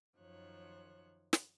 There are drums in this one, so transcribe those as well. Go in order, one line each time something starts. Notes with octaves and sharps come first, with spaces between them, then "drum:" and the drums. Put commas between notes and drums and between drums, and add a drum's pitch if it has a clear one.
F#2 D#3 F3 C#5 F#6
drum: snare